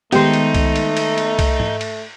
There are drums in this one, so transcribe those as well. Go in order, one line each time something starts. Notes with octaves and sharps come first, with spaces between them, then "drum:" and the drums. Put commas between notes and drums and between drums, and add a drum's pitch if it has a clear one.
D#3 G#3 A3 B3 D#4 G4 C5, drum: cymbal
drum: cymbal
drum: kick C2, cymbal
drum: cymbal
drum: cymbal
drum: cymbal
drum: kick C2, cymbal
drum: tom G#2
drum: cymbal